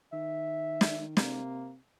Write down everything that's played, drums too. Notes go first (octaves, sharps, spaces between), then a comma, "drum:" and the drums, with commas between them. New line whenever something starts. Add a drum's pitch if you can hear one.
D#3 E5
drum: snare
C3 A#3, drum: snare